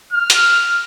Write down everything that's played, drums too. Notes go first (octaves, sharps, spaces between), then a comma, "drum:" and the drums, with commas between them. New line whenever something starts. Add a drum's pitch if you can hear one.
F6
drum: hi-hat